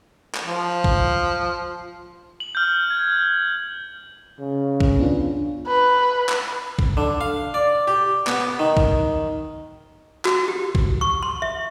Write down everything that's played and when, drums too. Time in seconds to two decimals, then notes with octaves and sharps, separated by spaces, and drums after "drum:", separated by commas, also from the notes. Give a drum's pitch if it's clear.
0.35 drum: clap
0.45 F3
0.84 drum: kick
2.40 F#7
2.55 F6 G6
2.90 G#6
3.08 F6
4.39 C#3
4.80 drum: kick
4.99 B3 D4 F4
5.67 B4
6.29 drum: clap
6.79 drum: kick
6.97 D3
7.21 F5
7.54 D5
7.88 G4
8.27 B3, drum: clap
8.59 D#3
8.77 drum: kick
10.25 F#4, drum: clap
10.48 G4
10.75 drum: kick
11.01 C#6
11.23 C6
11.42 E5